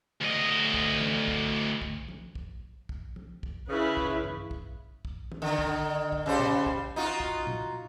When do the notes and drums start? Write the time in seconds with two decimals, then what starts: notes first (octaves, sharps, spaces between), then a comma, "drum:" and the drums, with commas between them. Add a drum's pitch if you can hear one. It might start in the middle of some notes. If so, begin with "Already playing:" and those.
0.21 D2 D#5
0.74 drum: kick
1.01 drum: tom
1.28 drum: kick
1.82 drum: kick
2.08 drum: tom
2.35 drum: kick
2.89 drum: kick
3.16 drum: tom
3.43 drum: kick
3.68 C#3 E4 B4
3.97 drum: kick
4.24 drum: tom G2
4.51 drum: kick
5.05 drum: kick
5.32 drum: tom
5.42 D3 D#3
5.59 drum: kick
6.12 drum: kick
6.26 C#3 G3 C5
6.39 drum: tom A#2
6.66 drum: kick
6.96 D#4 F4 F#4
7.20 drum: kick
7.47 drum: tom A#2